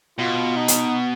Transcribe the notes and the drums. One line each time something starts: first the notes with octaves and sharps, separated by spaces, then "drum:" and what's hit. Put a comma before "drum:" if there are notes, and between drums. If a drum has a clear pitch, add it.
B2 F4
D#4
drum: hi-hat